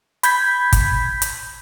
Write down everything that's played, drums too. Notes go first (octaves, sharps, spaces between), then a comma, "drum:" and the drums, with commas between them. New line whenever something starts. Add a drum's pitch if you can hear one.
B5 G6 G#6 B6, drum: hi-hat
drum: kick, hi-hat
drum: hi-hat